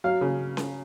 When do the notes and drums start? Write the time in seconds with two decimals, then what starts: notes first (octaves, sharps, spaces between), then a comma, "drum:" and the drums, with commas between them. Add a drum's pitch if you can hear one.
0.04 F#3 F5
0.21 C#3
0.57 drum: snare C#4